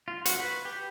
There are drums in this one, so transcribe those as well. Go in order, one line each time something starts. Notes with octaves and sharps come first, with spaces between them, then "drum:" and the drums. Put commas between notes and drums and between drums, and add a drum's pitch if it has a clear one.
F4
F#4, drum: hi-hat
B4
G4